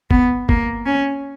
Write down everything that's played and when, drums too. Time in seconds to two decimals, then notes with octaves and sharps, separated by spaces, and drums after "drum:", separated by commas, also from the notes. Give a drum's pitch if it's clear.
0.11 B3, drum: kick
0.49 A#3, drum: kick
0.86 C#4